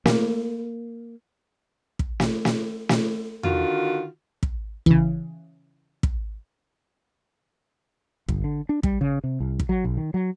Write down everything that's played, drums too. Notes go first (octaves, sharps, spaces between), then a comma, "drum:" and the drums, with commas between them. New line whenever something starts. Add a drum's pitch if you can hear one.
A#3, drum: snare
drum: kick
drum: snare
drum: snare
drum: snare
D3 D#3 F4 F#4, drum: tom E2
drum: kick
C#3 E3, drum: kick
drum: kick
G1, drum: kick
D3
D4
G3, drum: kick
C#3
C3
C2
drum: kick
F#3
B1
D#3
F#3